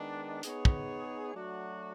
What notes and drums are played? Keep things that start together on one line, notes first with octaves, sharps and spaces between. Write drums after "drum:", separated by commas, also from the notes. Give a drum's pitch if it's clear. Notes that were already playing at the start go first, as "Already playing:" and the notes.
Already playing: D#3 G#3 B3 D4
B3 D#4 G#4 C#5, drum: hi-hat
drum: kick
F#3 A3 D4 F#4